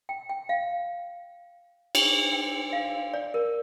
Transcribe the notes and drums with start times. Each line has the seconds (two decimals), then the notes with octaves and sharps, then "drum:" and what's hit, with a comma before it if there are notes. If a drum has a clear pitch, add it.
0.09 G5
0.30 G5
0.49 F5
1.95 drum: cymbal
2.33 G5
2.73 F5
3.14 D5
3.34 A#4